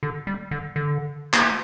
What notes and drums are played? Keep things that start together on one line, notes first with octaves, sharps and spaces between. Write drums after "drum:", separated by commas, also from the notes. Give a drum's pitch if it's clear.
D3
G3
D3
D3
A#3, drum: clap
A3